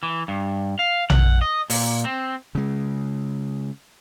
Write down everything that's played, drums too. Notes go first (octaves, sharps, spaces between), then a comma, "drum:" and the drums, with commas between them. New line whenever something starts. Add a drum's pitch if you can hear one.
E3
G2
F5
F#5, drum: tom A#1
D#5
A#2, drum: open hi-hat
C4
C#3 G#3